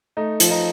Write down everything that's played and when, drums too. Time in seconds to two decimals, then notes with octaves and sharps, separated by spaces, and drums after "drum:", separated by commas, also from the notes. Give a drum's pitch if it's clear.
0.17 A3 D#4
0.40 F3, drum: hi-hat
0.51 D#4